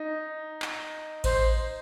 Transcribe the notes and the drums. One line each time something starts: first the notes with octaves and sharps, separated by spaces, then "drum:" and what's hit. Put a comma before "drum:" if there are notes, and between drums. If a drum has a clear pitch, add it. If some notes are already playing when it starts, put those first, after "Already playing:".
Already playing: D#4
drum: clap
C5, drum: kick A1, cymbal